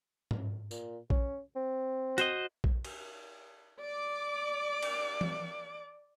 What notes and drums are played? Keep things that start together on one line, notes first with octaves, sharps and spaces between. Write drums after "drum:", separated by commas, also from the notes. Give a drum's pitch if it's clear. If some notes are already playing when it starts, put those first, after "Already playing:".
drum: tom G#2
A#2, drum: tambourine
C#4, drum: kick A#1
C4
F#4 C5 D#5, drum: hi-hat
drum: kick A#1
drum: cymbal
D5 D6
drum: cymbal
drum: tom E3